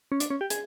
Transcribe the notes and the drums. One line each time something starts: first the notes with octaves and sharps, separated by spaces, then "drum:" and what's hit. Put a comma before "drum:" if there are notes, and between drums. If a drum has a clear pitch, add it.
C#4
D4, drum: hi-hat
C#4
G4
G#4, drum: hi-hat